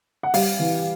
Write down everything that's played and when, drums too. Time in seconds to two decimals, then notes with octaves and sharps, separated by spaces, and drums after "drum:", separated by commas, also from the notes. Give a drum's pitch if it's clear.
0.23 F#5
0.34 G3 F5, drum: open hi-hat
0.59 E3